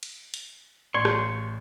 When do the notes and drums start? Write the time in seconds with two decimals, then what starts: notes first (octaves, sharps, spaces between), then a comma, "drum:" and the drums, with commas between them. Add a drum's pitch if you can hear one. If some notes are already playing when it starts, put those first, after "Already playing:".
0.03 drum: cymbal
0.34 drum: hi-hat
0.94 A1 D5 C6 C#6
1.05 drum: rim click